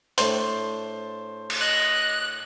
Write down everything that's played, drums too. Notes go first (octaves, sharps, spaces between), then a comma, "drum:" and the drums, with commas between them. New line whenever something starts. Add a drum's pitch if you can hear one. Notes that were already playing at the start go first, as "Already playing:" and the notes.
A2 A3 D4 C5, drum: hi-hat
drum: cymbal
D#5 F#6